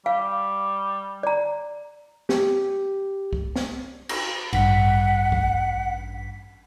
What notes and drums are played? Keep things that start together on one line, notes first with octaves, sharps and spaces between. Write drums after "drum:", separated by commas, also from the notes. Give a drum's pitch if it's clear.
G3 F5
D5 A#5
G4, drum: snare
drum: kick C2
drum: snare
drum: cymbal
A1 G2 F#5 B6, drum: cymbal
drum: kick C2